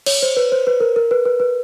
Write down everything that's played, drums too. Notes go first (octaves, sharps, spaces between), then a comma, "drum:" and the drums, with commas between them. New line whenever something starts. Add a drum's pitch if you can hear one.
C#5, drum: cymbal
C5
B4
C5
B4
A#4
A#4
B4
B4
B4